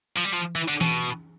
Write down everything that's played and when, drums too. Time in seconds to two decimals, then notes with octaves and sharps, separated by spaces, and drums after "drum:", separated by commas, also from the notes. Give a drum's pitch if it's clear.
0.18 F3
0.25 G3
0.33 F3
0.55 E3
0.68 D3
0.81 B2, drum: tom E3